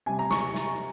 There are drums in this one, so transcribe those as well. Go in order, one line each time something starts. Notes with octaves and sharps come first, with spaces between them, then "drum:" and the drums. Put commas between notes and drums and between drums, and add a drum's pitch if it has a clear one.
C3 G3 G#5
A#5
C#6, drum: snare
drum: snare